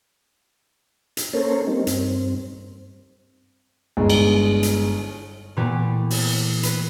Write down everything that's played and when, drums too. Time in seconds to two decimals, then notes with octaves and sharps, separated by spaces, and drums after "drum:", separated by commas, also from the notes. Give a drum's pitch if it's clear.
1.17 drum: hi-hat
1.33 A#3 C#4 A4 A#4 C5 C#5
1.67 G3 A#3 C4 D#4
1.87 G2 C4, drum: hi-hat
3.97 G1 G#3
4.10 drum: cymbal
4.63 drum: hi-hat
5.56 A#2 E3 A3 B3 G4
6.10 drum: open hi-hat
6.63 B4, drum: hi-hat